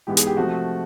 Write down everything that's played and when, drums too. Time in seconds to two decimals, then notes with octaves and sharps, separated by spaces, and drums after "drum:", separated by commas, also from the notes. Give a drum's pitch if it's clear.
0.07 G#2 E3 G#3 B3 G4
0.17 G#4, drum: hi-hat
0.27 G4
0.37 C3 F3 A3 F#4